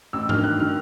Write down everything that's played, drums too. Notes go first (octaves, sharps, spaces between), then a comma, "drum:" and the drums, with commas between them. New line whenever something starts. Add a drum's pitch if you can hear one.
A1 E6
G2 D#3 F6, drum: tom G#2
A1 F#6
D#3 F6